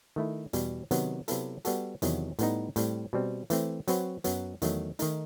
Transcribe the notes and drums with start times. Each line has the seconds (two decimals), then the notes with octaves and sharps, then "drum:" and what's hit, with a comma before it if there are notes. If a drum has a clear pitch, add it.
0.16 D#3 A3 E4
0.53 E2 B2 G3, drum: hi-hat
0.91 C3 D#3 F#3 B3, drum: hi-hat
1.28 C3 F#3 B3 E4 A4, drum: hi-hat
1.65 G3 B3 F#4 A4, drum: hi-hat
2.02 E2 C3 D#3 F#3, drum: hi-hat
2.39 A2 G3 B3 D#4, drum: hi-hat
2.76 A2 G3 C4, drum: hi-hat
3.13 B2 G3 C4
3.50 E3 A3 C4, drum: hi-hat
3.88 F#3 C4 F#4 B4, drum: hi-hat
4.24 F#2 F#3 B3, drum: hi-hat
4.62 E2 D#3 F#3 A3, drum: hi-hat
4.99 D#3 A3 D#4, drum: hi-hat